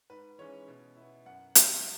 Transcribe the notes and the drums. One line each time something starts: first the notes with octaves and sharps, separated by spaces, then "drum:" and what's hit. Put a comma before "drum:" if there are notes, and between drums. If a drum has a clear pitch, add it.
G#2 B4
E3 G#3 C#4 C#5
B2
B3 E4
F#2 F#5
F#3 B3 E4, drum: hi-hat